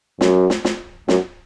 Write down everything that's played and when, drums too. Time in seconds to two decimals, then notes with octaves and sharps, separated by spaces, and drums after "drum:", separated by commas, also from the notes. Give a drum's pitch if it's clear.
0.21 F#2, drum: snare
0.50 drum: snare
0.65 drum: snare
1.08 F#2, drum: snare